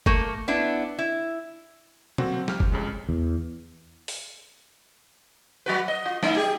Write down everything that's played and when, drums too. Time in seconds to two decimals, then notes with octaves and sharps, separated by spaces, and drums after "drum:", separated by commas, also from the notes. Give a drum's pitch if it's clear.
0.06 A3 A#3, drum: kick F#1
0.48 B3 D4 E4
0.99 E4
2.18 D3 F#3 A#3 C4 F#4 C5, drum: tom
2.48 C#2 G4 F6, drum: snare
2.60 C#2, drum: kick F#1
2.72 C2 F2 C#3 G#3
3.09 E2
4.08 drum: open hi-hat
5.66 F#3 F#4 B4
5.88 D#5
6.05 F4
6.23 A3 D#4, drum: snare
6.36 G4 G#4